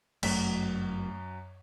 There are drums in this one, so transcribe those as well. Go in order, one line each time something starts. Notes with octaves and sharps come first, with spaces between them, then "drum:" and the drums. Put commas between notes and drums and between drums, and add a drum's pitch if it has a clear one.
G1 F#2 F#3 A3 B6, drum: cymbal